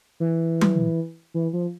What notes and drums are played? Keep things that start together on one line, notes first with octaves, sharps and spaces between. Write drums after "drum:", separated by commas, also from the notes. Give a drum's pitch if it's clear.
E3
drum: tom F#3
E3
F3